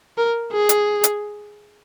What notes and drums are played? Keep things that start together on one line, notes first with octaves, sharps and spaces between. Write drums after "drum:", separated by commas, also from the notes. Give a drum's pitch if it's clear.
A#4
G#4
drum: hi-hat
drum: hi-hat